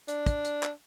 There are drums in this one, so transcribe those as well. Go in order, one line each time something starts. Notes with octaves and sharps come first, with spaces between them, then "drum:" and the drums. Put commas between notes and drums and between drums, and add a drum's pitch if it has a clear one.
D4, drum: hi-hat
drum: kick, hi-hat
drum: hi-hat
drum: clap